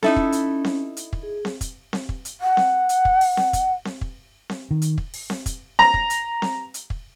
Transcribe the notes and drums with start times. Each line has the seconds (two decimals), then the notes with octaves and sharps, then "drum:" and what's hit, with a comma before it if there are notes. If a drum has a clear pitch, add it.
0.03 C#4 D#4 E4 A4, drum: snare C4
0.16 drum: kick
0.32 drum: hi-hat
0.64 drum: snare C4
0.97 drum: hi-hat
1.13 drum: kick
1.23 G#4
1.45 drum: snare C4
1.61 drum: kick, hi-hat
1.93 drum: snare C4
2.09 drum: kick
2.25 drum: hi-hat
2.41 F#5
2.57 drum: snare C4
2.89 drum: hi-hat
3.05 drum: kick
3.21 drum: open hi-hat
3.37 drum: snare C4
3.53 drum: kick, hi-hat
3.85 drum: snare C4
4.01 drum: kick
4.49 drum: snare C4
4.71 D#3
4.82 drum: hi-hat
4.98 drum: kick
5.14 drum: open hi-hat
5.30 drum: snare C4
5.46 drum: kick, hi-hat
5.79 A#5, drum: snare C4
5.94 drum: kick
6.10 drum: hi-hat
6.42 drum: snare C4
6.74 drum: hi-hat
6.90 drum: kick